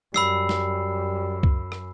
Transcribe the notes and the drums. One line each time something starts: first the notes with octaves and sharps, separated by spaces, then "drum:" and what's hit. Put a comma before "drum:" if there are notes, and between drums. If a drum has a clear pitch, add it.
F#2 G3 B5 E6 C7, drum: snare
drum: snare
drum: kick C2
drum: rim click